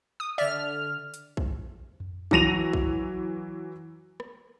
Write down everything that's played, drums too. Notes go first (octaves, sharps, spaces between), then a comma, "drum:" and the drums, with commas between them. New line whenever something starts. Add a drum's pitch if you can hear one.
D#6
D3 D5 E5 F6
drum: hi-hat
drum: kick A#1
drum: tom F2
E3 F#3 A#6 D#7 F7, drum: kick A#1
drum: kick A#1
drum: rim click